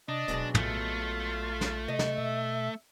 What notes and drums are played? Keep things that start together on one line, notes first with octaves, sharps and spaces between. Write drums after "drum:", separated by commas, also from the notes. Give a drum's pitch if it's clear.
C3 D4 D#5
D1 B2 F#3 G#3, drum: hi-hat
A#1 A3 F4, drum: tom
drum: snare
C3 D#5
drum: snare
B2 E5